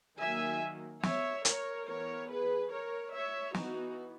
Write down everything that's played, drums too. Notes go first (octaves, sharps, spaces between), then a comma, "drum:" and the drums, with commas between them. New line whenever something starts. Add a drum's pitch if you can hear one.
D#3 F#3 A#3 E5 G#5
C#5 E5, drum: snare
A#4 C#5, drum: hi-hat
E3 B3 A#4 C#5
G#4 B4
A#4 C#5
C#5 E5
E3 B3 D#4 F#4, drum: snare